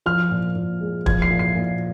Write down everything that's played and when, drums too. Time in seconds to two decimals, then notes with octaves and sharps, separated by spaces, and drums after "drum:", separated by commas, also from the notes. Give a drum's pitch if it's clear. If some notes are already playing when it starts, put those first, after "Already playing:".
0.06 F3 F6
0.31 A#2
0.56 A#2
0.81 G#3
1.06 F3 G#6, drum: kick
1.22 C7
1.31 A#2
1.39 C7
1.55 A#2